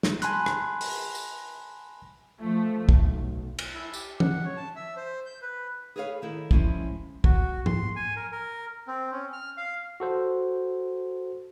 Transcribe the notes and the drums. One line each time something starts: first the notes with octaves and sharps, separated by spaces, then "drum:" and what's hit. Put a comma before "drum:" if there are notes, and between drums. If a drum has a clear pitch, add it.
drum: snare
G#5 A5 B5 C6 F#6, drum: hi-hat
drum: rim click
drum: open hi-hat
drum: tambourine
F3 A3
B1, drum: kick
drum: cymbal
E4
G4, drum: tambourine
F#5, drum: tom E3
C#5
A5
E5
C5
G6
B4
G#4 A4 B4 C#5 E5 F5
D#3 E4 A4
F3 G#3 C#4 E4, drum: kick
F#4, drum: kick
C6, drum: tom G#2
G#5
A#4
A#4
C4
C#4
F6
F5
F#4 A4 C5